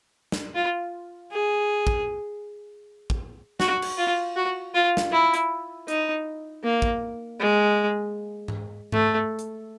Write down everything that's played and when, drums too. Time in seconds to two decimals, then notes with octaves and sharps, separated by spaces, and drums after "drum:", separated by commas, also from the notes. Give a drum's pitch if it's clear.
0.32 drum: snare
0.55 F4
1.32 G#4
1.87 drum: kick
3.10 drum: kick
3.60 F#4, drum: snare
3.82 drum: cymbal
3.97 F4
4.36 F#4
4.74 F4
4.97 drum: snare
5.12 E4
5.34 drum: hi-hat
5.88 D#4, drum: hi-hat
6.64 A#3
6.82 drum: kick
7.40 G#3
8.48 drum: tom G#2
8.92 A3, drum: tom G#2
9.39 drum: hi-hat